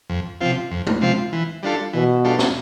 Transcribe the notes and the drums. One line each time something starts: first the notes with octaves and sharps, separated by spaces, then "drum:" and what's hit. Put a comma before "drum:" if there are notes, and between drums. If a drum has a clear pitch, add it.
F2
C3 F3 C4 F4
F2
drum: tom G#3
C3 F3 C4 F4
E3
G3 D4 F4 A4
B2 E3
G3 D4 F4 A4
drum: snare